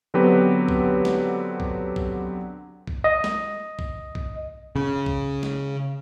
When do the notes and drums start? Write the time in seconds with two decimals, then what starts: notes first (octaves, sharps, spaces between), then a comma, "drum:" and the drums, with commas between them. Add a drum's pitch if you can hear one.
0.14 D3 F#3 B3 C4 G4 B4
0.69 drum: kick A#1
1.05 drum: snare
1.60 drum: kick A#1
1.96 drum: kick A#1
2.87 drum: kick A#1
3.04 D#5
3.24 drum: snare
3.79 drum: kick A#1
4.15 drum: kick A#1
4.76 C#3
5.06 drum: kick A#1
5.43 drum: snare